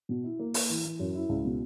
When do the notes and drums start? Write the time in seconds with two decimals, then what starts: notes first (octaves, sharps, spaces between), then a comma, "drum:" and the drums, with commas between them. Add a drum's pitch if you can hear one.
0.09 B2
0.24 E4
0.39 A#3
0.54 A#3, drum: open hi-hat
0.70 E3
0.85 E3
0.99 F#2
1.15 E4
1.29 C#2
1.45 B2